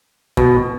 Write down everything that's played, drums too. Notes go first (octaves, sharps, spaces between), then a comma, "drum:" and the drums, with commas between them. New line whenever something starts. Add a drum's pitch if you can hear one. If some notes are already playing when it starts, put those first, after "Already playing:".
B2, drum: kick